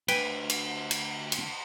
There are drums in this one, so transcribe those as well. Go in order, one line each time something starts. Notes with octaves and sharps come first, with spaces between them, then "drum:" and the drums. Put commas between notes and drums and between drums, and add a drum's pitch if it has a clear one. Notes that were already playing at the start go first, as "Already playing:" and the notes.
D2 D3 B4 G5 G#5, drum: cymbal
drum: cymbal
drum: cymbal
drum: cymbal